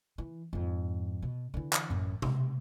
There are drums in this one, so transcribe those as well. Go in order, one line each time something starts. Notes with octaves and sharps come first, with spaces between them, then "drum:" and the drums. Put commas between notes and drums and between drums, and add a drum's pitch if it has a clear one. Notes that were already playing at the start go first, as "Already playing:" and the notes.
E3
F2 G#2
B2
D3 E3
drum: clap
A1 F#2
C3 C4, drum: tom B2